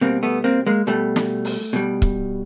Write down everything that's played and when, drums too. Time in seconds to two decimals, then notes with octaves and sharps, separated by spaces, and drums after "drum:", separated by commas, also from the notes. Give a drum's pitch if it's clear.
0.01 B2 G3 A#3 C4, drum: hi-hat
0.23 A3 B3
0.44 A#3 C4
0.66 G#3 A#3
0.87 B2 G3 A3, drum: hi-hat
1.16 drum: snare
1.45 drum: open hi-hat
1.73 B2 G3, drum: hi-hat
2.02 drum: kick, hi-hat